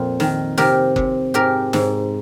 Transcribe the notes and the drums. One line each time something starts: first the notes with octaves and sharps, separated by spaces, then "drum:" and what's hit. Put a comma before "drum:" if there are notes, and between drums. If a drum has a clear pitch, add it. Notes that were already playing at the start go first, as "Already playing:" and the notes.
Already playing: F2 A#2
D#3, drum: snare
C3 G4 A#4, drum: snare
C3, drum: kick F#1
G#2 G4 A#4
G#2, drum: snare